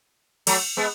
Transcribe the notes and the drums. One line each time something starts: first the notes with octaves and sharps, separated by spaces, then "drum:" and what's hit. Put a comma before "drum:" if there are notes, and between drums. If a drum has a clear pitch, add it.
F#3 A3, drum: cymbal
G#3 B3